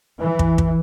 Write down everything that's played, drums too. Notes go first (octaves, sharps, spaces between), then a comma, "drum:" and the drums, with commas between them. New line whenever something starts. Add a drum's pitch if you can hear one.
E3
drum: kick
drum: kick